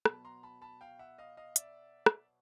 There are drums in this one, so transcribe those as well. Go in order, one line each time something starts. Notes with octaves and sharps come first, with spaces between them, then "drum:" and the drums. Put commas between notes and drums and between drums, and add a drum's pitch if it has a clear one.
B2 F#3 B3 A5 B5, drum: rim click
A#5 C6
A5 B5
A5 B5
F5 G5
E5 F#5
D#5 F5
D#5 F5
D5 E5, drum: hi-hat
drum: rim click